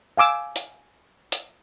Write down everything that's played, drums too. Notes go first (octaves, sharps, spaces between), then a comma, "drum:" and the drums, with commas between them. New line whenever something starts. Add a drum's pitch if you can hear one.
F5 G#5 D6 E6
drum: hi-hat
drum: hi-hat